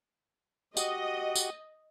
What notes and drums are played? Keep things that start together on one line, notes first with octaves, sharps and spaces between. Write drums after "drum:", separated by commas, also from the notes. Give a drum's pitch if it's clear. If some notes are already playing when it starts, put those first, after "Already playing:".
F#4 G4 D#5 F#5, drum: tambourine
drum: tambourine